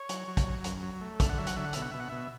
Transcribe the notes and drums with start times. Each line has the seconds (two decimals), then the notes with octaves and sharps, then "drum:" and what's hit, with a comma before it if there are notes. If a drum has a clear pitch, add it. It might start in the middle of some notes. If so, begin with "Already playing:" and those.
Already playing: C#5
0.09 F#3, drum: hi-hat
0.28 F#3
0.37 drum: kick, hi-hat
0.46 F#3
0.64 F#2, drum: hi-hat
0.83 F#3
1.01 A3
1.20 D3 E5, drum: kick, hi-hat
1.29 F#5
1.38 F#3 E5
1.47 F#5, drum: hi-hat
1.56 D3 E5
1.65 F#5
1.73 B2 E5, drum: hi-hat
1.82 F#5
1.91 B2 E5
2.00 F#5
2.09 B2 E5